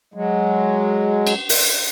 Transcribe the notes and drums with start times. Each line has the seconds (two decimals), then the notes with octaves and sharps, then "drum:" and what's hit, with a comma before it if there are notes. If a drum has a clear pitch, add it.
0.14 F#3 G#3
1.27 drum: cymbal
1.49 drum: open hi-hat